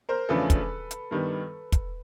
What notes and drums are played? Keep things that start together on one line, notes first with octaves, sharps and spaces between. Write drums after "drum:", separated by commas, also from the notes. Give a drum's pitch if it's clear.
A#4 C5
E2 C#3 F3 A3 D4 A4 B4
drum: kick, hi-hat
drum: hi-hat
G2 D#3 G3 B3
drum: kick, hi-hat